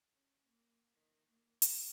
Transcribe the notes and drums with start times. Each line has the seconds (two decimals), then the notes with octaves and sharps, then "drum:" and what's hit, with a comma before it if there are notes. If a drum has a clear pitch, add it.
0.13 C#4
0.46 A#3
0.93 D#3
1.30 A#3
1.62 A#4, drum: hi-hat